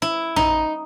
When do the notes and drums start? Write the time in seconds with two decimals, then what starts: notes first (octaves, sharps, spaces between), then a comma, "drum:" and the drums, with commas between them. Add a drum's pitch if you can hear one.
0.02 E4
0.36 D#4, drum: tom